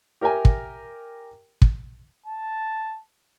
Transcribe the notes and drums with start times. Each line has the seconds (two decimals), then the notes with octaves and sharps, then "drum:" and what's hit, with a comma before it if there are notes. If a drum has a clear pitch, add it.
0.21 G4 A#4 E5 G5 G#5
0.45 drum: kick
1.62 drum: kick
2.26 A5